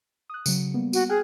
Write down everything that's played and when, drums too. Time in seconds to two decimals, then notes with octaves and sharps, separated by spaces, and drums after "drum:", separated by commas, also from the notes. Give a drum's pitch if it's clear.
0.30 D#6 F#6
0.46 C#3 F#3, drum: tambourine
0.74 G3 A#3 B3
0.93 F#4, drum: tambourine
1.09 G#4 G5 F6 F#6